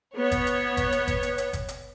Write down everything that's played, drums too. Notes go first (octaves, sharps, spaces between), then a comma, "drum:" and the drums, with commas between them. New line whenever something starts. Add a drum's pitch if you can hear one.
B3 C#5
drum: kick G1, hi-hat
drum: hi-hat
drum: kick G1, hi-hat
drum: hi-hat
drum: kick G1, hi-hat
drum: hi-hat
drum: hi-hat
drum: kick G1, hi-hat
drum: hi-hat